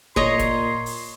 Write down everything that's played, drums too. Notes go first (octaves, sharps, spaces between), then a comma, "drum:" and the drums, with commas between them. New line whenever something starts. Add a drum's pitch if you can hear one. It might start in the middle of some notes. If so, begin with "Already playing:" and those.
A#2 C#5 D#5 A#5 C6, drum: kick
drum: kick, hi-hat
drum: open hi-hat